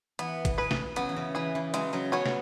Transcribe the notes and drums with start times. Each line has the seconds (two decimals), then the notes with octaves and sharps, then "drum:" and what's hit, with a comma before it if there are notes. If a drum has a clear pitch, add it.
0.19 E3 B3, drum: hi-hat
0.45 drum: kick A1, hi-hat
0.58 G#4 B4
0.71 drum: snare
0.96 C#3 F#3 B3, drum: hi-hat
1.09 E3
1.16 C#3
1.35 E3 G#4 B4
1.55 E3
1.74 C#3 F#3 G#3, drum: hi-hat
1.93 C#3 F#3
2.12 F#3 B3 C#4 F#4 C#5
2.26 drum: snare